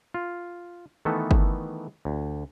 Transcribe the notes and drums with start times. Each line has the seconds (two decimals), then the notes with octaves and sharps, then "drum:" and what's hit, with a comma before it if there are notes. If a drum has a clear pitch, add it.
0.14 F4
1.05 D#3 E3 A3 B3 A4
1.31 drum: kick G1
2.05 D2